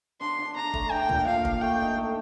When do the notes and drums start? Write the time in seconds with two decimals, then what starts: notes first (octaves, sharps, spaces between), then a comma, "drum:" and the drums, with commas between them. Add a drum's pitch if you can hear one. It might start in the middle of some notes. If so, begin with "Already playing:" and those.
0.21 D4 C6
0.38 D4
0.56 D4 A#5
0.74 A3, drum: kick
0.91 D4 G5
1.09 A#2, drum: tom
1.27 D4 F5
1.45 D4, drum: kick
1.61 A3 G5
1.80 D#4
1.97 A3